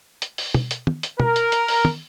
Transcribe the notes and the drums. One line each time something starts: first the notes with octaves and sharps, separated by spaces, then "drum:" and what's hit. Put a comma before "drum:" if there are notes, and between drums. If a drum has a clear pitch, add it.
drum: hi-hat
drum: open hi-hat
drum: tom
drum: hi-hat
drum: tom
drum: hi-hat
A#4, drum: tom
drum: hi-hat
drum: hi-hat
drum: open hi-hat
drum: tom